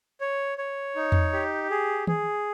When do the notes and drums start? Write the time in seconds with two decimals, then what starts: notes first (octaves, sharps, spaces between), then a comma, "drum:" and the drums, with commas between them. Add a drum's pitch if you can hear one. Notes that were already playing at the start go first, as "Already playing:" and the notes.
0.21 C#5
0.58 C#5
0.96 D#4
1.12 drum: tom E2
1.33 G4
1.70 G#4
2.07 G#4, drum: tom D#3